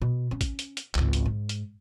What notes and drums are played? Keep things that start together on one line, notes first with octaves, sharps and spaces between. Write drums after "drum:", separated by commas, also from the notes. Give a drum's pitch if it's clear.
B2
C#4
drum: kick, hi-hat
drum: hi-hat
drum: hi-hat
G#1 C#2, drum: clap
drum: hi-hat
G#2
drum: hi-hat